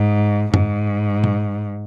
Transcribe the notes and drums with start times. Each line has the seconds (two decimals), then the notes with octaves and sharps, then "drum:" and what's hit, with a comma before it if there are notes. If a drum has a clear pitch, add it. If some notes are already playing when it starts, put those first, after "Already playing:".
Already playing: G#2
0.54 G#2, drum: tom F#2
1.24 drum: tom A#2